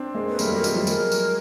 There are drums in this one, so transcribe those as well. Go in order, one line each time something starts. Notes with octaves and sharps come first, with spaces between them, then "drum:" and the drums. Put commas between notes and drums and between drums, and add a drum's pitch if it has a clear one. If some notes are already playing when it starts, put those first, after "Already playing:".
Already playing: C4 D4
G#3 A#3
B4
G3 A3 A#4, drum: tambourine
F#3 G#3
A#4
F#3 G#3, drum: tambourine
F3 G3
F#3 G#3 A#4, drum: tambourine
drum: tambourine